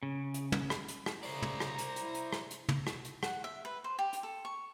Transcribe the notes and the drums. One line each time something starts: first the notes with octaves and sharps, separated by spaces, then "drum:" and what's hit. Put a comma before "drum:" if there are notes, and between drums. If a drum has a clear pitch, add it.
C#3
drum: hi-hat
drum: tom
drum: rim click
drum: hi-hat
drum: rim click
C#3 C5 D5 A#5, drum: open hi-hat
drum: tom
drum: rim click
drum: hi-hat
E4, drum: hi-hat
drum: hi-hat
drum: rim click
drum: hi-hat
drum: tom
drum: rim click
drum: hi-hat
F#5, drum: rim click
E5
B4
C5
G4
drum: hi-hat
A4
C#6